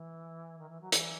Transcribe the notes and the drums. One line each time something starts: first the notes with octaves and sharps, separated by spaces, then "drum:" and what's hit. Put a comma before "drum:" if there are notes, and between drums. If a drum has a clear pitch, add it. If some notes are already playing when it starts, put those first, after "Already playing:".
Already playing: E3
D#3
E3
F#3
E3, drum: hi-hat